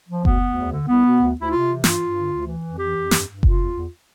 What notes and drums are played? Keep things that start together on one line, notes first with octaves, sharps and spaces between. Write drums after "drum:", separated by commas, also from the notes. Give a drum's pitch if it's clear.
F3
D2 B3, drum: kick F#1
D2
E2
D3
C2 B3
B2
D2
D2 E4
C3 F4
E3
G2 F4, drum: snare
G2
D3
D2
E3
F2
E3 G4
F2
G2, drum: snare
G2
C3 F4, drum: kick F#1
E2
E2